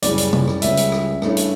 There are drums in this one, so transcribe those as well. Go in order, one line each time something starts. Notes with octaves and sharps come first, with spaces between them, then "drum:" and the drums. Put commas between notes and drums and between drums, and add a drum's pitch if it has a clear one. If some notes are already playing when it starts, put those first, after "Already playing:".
F#2 C#3 E3 G3 D5, drum: hi-hat
drum: hi-hat
drum: tom
drum: rim click
C#2 C#3 G3 C#4 E5, drum: hi-hat
drum: hi-hat
drum: rim click
G2 E3 A3 C#4, drum: rim click
drum: hi-hat